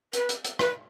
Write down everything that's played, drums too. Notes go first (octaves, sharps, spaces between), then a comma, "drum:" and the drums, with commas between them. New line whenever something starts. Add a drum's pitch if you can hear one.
B4, drum: hi-hat
drum: hi-hat
drum: hi-hat
B4, drum: rim click